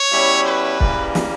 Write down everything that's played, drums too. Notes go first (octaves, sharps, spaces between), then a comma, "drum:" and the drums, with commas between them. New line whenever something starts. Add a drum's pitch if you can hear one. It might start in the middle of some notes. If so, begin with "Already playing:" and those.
Already playing: C#5
B2 G3 C#4 E4
B4
C#3 E3 G3 A#3, drum: kick
drum: snare